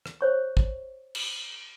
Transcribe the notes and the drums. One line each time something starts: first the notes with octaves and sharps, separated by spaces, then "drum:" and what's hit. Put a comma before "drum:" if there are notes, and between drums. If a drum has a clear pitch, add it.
drum: rim click
C5 C#5 C#6
drum: kick
drum: cymbal